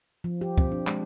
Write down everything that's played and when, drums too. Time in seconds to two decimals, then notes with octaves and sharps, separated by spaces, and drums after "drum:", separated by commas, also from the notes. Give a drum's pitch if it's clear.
0.24 F3
0.41 G4
0.58 C4, drum: kick
0.72 D4
0.87 G#3, drum: clap